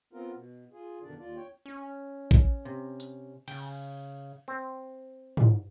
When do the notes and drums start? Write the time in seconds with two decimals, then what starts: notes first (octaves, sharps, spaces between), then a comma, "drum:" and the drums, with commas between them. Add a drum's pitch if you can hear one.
0.13 B3 C4 F4 A#4
0.33 B2
0.73 F4 G#4
1.02 F#2 B2 D3 D#3 D4 D5
1.19 D#2 F4 D5
1.37 C#5 G5
1.66 C#4
2.31 drum: kick A1
2.65 C3
3.00 drum: hi-hat
3.48 C#3 G5, drum: cymbal
4.48 C4
5.37 drum: tom